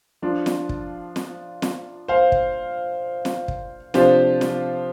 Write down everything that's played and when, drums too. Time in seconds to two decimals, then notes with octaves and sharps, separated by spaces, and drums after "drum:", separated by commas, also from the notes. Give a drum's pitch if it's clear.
0.22 F3 D4 F4
0.46 drum: snare
0.69 drum: kick
1.16 drum: snare
1.62 drum: snare
2.08 C5 F5
2.32 drum: kick
3.25 drum: snare
3.48 drum: kick
3.94 C3 F3 D4 F4 G4 C5, drum: snare
4.41 drum: snare